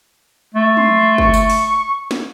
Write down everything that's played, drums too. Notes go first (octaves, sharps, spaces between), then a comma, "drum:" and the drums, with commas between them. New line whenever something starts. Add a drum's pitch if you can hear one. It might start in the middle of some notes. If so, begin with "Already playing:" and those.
A3
C6, drum: tom
C#6, drum: kick
drum: tambourine
drum: open hi-hat
drum: snare